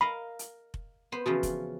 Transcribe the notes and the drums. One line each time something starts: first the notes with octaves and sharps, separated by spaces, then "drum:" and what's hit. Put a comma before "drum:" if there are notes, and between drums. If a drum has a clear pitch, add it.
A#4 D#5 F5 B5
drum: hi-hat
drum: kick F1
B3 C5
C#3 E3 F3 F#4
drum: kick F1, hi-hat